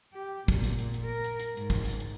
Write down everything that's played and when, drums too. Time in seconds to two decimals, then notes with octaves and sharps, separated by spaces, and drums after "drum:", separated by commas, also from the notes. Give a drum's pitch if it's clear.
0.13 G4
0.48 A#2, drum: kick, hi-hat
0.64 drum: hi-hat
0.79 drum: hi-hat
0.94 drum: hi-hat
1.03 A#4
1.24 drum: hi-hat
1.40 drum: hi-hat
1.57 G#2, drum: hi-hat
1.70 drum: kick, hi-hat
1.85 drum: hi-hat
2.00 drum: hi-hat